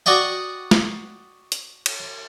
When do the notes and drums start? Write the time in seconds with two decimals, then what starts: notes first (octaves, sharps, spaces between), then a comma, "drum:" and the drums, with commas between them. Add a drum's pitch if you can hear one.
0.06 F#4 D5 D#5 G5
0.71 drum: snare
1.52 drum: hi-hat
1.86 drum: cymbal